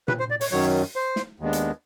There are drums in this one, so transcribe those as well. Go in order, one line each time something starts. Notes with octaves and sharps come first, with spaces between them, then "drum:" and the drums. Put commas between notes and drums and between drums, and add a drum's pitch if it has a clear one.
B4, drum: tom A#2
C5
D5
C#5, drum: open hi-hat
F#2 D#3 F#3 C#5
C5
drum: snare
D#2 D#3 G#3 B3 D4
drum: hi-hat